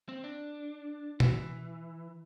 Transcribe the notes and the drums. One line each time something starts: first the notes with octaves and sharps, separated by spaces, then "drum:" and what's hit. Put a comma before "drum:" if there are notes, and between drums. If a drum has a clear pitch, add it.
C4
D4
E3, drum: tom B2